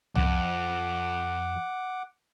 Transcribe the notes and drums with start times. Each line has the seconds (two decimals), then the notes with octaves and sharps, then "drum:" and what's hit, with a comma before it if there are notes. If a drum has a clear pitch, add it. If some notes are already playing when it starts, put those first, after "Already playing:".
0.15 F2 F#5 D6, drum: tom C2